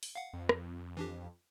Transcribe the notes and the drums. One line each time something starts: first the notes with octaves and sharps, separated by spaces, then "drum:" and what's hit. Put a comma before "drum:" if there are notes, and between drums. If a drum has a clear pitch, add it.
drum: open hi-hat
F5 F#5
F2
drum: rim click
E3 D4 G4